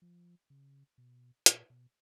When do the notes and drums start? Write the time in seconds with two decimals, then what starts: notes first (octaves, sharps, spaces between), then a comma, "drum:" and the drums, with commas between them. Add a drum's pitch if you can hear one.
0.02 F3
0.50 C#3
0.98 B2
1.46 A#2, drum: hi-hat
1.70 B2